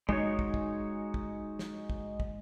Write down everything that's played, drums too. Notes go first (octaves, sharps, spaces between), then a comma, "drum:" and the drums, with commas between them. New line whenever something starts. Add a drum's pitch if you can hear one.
G#3 D#4 F#4 C#5, drum: kick
drum: kick
drum: kick
drum: kick
drum: snare
drum: kick
drum: kick